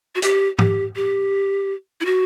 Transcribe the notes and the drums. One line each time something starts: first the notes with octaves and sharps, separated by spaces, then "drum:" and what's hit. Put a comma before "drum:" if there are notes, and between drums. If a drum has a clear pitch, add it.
F#4
G4, drum: hi-hat
G4, drum: tom G#2
G4
E4
F#4